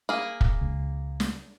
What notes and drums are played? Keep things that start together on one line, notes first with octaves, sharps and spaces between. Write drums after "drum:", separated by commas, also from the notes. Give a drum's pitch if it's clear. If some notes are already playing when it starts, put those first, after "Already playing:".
A#3 G#4
drum: kick
C#2
drum: snare